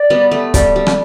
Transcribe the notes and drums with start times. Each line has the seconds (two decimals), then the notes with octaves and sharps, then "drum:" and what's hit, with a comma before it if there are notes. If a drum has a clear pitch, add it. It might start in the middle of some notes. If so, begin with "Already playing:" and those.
Already playing: D5
0.10 G3 B3
0.31 A3
0.54 G3, drum: kick, hi-hat
0.76 G3
0.87 drum: rim click